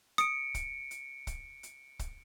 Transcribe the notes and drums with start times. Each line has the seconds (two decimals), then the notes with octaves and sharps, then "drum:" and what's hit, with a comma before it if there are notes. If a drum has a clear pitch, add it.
0.18 D#6 C#7 D7, drum: hi-hat
0.54 drum: kick, hi-hat
0.91 drum: hi-hat
1.27 drum: kick, hi-hat
1.63 drum: hi-hat
1.99 drum: kick, hi-hat